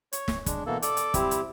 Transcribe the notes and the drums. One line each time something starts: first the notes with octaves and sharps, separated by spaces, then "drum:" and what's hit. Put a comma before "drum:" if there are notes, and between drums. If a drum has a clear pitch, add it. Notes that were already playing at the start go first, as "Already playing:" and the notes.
C#5, drum: hi-hat
drum: snare
G#3 D4, drum: kick, hi-hat
B2 E3 A#3 A4
A4 D5 D6, drum: hi-hat
drum: hi-hat
G3 C4 E4 G4, drum: kick, hi-hat
drum: hi-hat